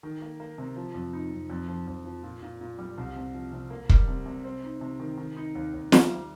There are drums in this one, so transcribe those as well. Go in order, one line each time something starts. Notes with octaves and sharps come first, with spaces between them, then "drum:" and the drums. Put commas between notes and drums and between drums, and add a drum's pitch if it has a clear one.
D#3
A#3
A#3
C3
F3
F2
D#4
F2
F2
F3
F2
F3
A#2
A#2
A#2
G3
C2
C3
F3
C3
A#3
G3, drum: kick
C3
C3
C4
D#4
C3
D#3
D#3
D#4
D#2
D#2
G3, drum: snare
G3